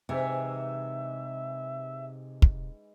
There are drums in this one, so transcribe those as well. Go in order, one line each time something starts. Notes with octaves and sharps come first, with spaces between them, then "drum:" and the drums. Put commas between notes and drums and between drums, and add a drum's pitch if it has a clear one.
G#2 C3 E3 E5 G#5
drum: kick